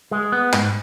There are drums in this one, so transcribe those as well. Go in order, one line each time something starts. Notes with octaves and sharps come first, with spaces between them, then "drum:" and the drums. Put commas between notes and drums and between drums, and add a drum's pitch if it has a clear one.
G#3
B3
G#2, drum: clap